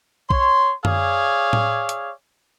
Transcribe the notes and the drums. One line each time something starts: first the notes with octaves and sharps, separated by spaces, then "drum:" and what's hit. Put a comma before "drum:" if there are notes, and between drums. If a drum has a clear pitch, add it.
C#5 C6, drum: kick
G#4 C#5 D5 F5, drum: tom F#2
drum: tom A2
drum: hi-hat